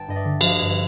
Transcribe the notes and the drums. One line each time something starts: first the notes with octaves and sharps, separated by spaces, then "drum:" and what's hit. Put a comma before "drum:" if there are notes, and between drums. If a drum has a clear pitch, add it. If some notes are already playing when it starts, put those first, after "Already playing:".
Already playing: G1 G5 A5
G2 D#5
D5 E5
D3
F3 D#5 F5, drum: cymbal
G2